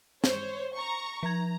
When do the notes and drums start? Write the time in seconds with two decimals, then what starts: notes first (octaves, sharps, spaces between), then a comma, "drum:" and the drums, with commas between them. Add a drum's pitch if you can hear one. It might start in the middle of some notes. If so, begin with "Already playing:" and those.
0.24 C5 C#5, drum: snare
0.74 A#5 C#6
1.23 F3 A#5 G#6